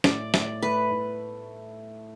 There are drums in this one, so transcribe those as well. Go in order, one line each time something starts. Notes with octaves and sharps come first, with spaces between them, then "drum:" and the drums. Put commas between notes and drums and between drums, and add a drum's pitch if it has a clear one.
A2 D5, drum: snare
A2 D5, drum: snare
A3 B4
A2